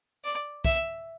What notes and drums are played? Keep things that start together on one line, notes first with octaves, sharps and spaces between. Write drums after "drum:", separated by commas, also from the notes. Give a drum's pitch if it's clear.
D5
E5, drum: kick